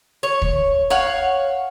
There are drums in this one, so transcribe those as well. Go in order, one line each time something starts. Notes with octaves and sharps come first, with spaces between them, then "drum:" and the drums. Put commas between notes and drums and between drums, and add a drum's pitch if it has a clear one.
C#5
drum: kick
C#5 F5 F#5